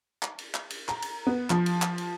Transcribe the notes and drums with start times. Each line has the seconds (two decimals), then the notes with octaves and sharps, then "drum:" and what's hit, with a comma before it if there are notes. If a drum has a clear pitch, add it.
0.23 drum: clap
0.39 drum: cymbal
0.54 drum: clap
0.70 drum: cymbal
0.89 A#5, drum: clap
1.02 drum: cymbal
1.27 B3
1.50 F3, drum: clap
1.66 drum: cymbal
1.82 drum: clap
1.98 drum: cymbal